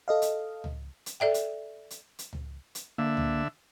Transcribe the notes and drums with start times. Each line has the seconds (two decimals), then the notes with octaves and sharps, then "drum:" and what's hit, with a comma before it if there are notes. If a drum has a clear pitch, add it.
0.08 A4 D#5 F5
0.22 drum: hi-hat
0.64 drum: tom C#2
1.06 drum: hi-hat
1.20 A4 D5 E5 G5
1.34 drum: hi-hat
1.90 drum: hi-hat
2.19 drum: hi-hat
2.33 drum: tom C#2
2.75 drum: hi-hat
2.98 D3 A#3 E5
3.17 drum: tom C#2